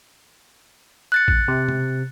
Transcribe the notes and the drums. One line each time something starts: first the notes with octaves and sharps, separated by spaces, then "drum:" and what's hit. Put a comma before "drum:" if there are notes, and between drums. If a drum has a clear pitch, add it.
F#6 A6 C#7
drum: kick A1
C3
drum: tom B2